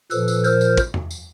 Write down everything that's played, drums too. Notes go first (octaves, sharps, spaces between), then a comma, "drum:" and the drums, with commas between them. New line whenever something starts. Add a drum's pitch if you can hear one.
A#2 F3 A4 B4, drum: tambourine
drum: tambourine
A#4 C5, drum: tambourine
drum: tambourine
drum: kick, tambourine
drum: tom E2
drum: tambourine